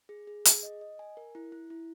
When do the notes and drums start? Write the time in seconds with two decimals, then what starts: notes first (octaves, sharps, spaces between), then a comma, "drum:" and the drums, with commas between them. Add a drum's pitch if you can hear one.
0.09 G#4
0.27 G#4
0.45 G#4, drum: hi-hat
0.63 D#5
0.81 D#5
0.99 G#5
1.17 A#4
1.35 E4
1.52 E4
1.70 E4